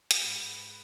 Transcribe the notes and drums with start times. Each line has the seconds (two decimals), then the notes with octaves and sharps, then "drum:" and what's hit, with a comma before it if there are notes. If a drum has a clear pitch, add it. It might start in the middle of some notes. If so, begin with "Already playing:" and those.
0.11 G#4, drum: hi-hat
0.22 G#2 B4